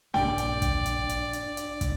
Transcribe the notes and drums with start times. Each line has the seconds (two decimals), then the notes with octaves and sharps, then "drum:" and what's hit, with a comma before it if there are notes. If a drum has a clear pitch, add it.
0.14 A#1 G2 A#3 D4 D5 G5, drum: snare
0.38 drum: hi-hat
0.62 drum: kick, hi-hat
0.86 drum: hi-hat
1.09 drum: hi-hat
1.33 drum: hi-hat
1.57 drum: hi-hat
1.81 drum: kick, hi-hat